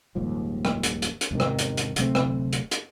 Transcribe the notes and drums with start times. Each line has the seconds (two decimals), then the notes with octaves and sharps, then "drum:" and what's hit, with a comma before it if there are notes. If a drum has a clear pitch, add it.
0.15 D#1 D#2 G#2 F3
0.65 drum: rim click
0.83 drum: hi-hat
1.02 drum: hi-hat
1.21 drum: hi-hat
1.31 E2 G#2 C3 D#3
1.40 drum: rim click
1.59 drum: hi-hat
1.77 drum: hi-hat
1.96 D1 C3 A3 C4, drum: hi-hat
2.15 drum: rim click
2.53 drum: hi-hat
2.71 drum: hi-hat